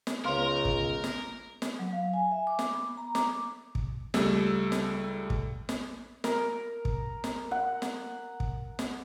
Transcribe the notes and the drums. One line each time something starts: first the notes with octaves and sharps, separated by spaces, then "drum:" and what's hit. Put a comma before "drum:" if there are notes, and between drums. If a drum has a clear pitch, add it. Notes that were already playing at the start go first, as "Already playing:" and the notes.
drum: snare
C#2 B3 A#4 B4 C#5 F5 C6
drum: kick
drum: snare
drum: snare
F#3
F5
G#5
E5
D6
drum: snare
B3
A#5
D6, drum: snare
drum: kick
C#2 G3 A3 E6, drum: snare
drum: snare
drum: kick
drum: snare
A#4, drum: snare
drum: kick
drum: snare
F#5
drum: snare
drum: kick
drum: snare